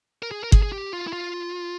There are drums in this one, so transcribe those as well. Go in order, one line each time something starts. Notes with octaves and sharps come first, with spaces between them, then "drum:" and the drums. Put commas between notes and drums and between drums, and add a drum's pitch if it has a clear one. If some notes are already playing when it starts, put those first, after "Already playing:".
A#4
G#4
A#4
G#4, drum: kick G1
G#4
G4
F4
E4
F4